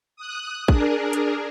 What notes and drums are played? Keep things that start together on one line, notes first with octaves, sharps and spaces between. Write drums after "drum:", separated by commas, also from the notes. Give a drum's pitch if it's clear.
D#6 F#6
D4 G#4 A#4, drum: kick
drum: hi-hat